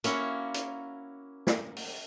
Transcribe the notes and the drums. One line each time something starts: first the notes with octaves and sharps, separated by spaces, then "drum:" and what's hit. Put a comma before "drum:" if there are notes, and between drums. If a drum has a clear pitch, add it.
A#3 C#4 E4 F#4, drum: hi-hat
drum: hi-hat
drum: snare
drum: open hi-hat